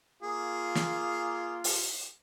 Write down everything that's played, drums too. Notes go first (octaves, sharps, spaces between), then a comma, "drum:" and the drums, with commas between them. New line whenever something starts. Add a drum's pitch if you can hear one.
A#3 F4 G#4
drum: snare
drum: open hi-hat